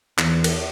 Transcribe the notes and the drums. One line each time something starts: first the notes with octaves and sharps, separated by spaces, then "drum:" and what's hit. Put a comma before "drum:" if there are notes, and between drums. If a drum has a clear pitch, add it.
E2, drum: clap
drum: cymbal